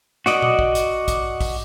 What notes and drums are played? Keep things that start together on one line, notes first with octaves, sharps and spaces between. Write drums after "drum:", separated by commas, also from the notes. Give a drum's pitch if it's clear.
F#4 D5 D#5, drum: snare
drum: tom A#2
drum: kick
drum: hi-hat
drum: kick, hi-hat
drum: kick, open hi-hat